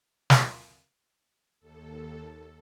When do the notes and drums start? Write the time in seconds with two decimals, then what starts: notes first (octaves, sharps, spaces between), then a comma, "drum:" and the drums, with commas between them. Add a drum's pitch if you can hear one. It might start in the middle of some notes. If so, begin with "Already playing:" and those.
0.30 drum: snare
1.60 D#2 A4